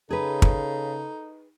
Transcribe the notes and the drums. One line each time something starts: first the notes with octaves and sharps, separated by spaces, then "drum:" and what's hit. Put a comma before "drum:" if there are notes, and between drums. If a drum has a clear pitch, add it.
C#3 D#4 G#4 A4 B4
drum: kick